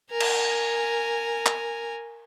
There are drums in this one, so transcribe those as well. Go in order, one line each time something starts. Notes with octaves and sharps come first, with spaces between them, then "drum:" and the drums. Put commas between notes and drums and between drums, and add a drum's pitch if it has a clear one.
A#4 G#5
drum: cymbal
drum: clap